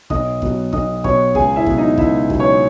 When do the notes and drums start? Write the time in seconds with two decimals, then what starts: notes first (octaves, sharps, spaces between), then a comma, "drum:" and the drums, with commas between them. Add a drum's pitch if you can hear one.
0.10 B1 D#5 D#6, drum: kick
0.42 B2 F#3, drum: kick
0.73 B1 D#5 D#6, drum: kick
1.04 B2 F#3 C#5 C#6, drum: kick
1.35 C#2 G#4 G#5, drum: kick
1.56 E4 E5
1.66 B2 F#3, drum: kick
1.77 D#4 D#5
1.98 C#2 E4 E5, drum: kick
2.30 B2 F#3, drum: kick
2.40 C#5 C#6